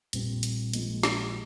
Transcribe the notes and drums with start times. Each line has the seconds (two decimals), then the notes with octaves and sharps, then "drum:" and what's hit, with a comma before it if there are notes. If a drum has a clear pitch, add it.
0.13 A#1 A#2 G3 C4, drum: hi-hat
0.43 drum: hi-hat
0.73 A#1 A#2 F3 G#3, drum: hi-hat
1.03 drum: snare